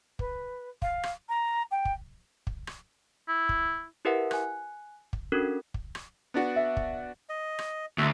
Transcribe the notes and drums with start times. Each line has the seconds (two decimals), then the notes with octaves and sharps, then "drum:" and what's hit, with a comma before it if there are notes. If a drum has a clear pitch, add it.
0.19 B4, drum: kick
0.82 F5, drum: kick
1.03 drum: rim click
1.29 A#5
1.71 G5
1.85 drum: kick
2.47 drum: kick
2.67 drum: rim click
3.28 E4
3.49 drum: kick
4.05 E4 G4 A#4 B4 E5 F#5
4.31 G#5 F#6, drum: rim click
5.13 drum: kick
5.32 C#4 D4 F#4 A4 A#4
5.74 drum: kick
5.95 drum: rim click
6.34 B3 D4 F#4
6.56 E5
6.77 drum: kick
7.29 D#5
7.59 drum: rim click
7.98 D2 F#4 E5